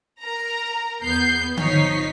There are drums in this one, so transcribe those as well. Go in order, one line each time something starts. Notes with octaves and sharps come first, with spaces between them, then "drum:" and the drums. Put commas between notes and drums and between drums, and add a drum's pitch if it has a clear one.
A#4 A#5
E2 B3 G6 C7
G#1 F3 D#4 C#5 B6 C7, drum: tom D3